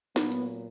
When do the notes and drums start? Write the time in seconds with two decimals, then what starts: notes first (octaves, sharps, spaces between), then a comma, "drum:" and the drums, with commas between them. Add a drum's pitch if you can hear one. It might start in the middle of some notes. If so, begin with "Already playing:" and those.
0.16 A#2 F#3 B3, drum: snare
0.32 drum: hi-hat